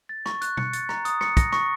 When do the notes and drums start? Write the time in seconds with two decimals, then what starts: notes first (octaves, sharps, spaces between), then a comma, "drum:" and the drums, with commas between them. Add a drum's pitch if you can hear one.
0.09 A6
0.26 C#6, drum: rim click
0.42 F#6, drum: hi-hat
0.57 C#7, drum: tom B2
0.73 A6, drum: hi-hat
0.89 A#5, drum: rim click
1.05 D#6, drum: hi-hat
1.21 C#7, drum: rim click
1.37 A#6, drum: kick, hi-hat
1.52 C#6, drum: rim click